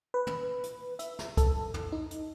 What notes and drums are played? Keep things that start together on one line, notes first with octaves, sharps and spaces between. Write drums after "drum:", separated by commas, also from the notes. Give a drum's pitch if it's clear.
B4
drum: tom
drum: hi-hat
E5, drum: hi-hat
drum: snare
A4, drum: kick, hi-hat
drum: tom
D#4
drum: hi-hat